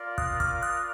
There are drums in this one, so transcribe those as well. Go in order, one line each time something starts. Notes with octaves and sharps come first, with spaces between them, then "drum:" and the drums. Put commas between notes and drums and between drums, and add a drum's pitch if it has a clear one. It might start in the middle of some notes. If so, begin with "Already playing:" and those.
Already playing: F4 A#4 D5 F5
D#6 F#6, drum: kick
D6 F6, drum: kick
D#6 F#6